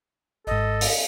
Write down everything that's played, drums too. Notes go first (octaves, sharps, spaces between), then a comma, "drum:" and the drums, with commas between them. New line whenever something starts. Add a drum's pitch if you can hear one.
G#1 G#2 A4 D#5
drum: open hi-hat